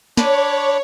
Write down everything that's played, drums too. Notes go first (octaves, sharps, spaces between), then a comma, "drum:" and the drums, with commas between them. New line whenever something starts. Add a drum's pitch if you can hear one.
D4 C#5 B5 D6, drum: snare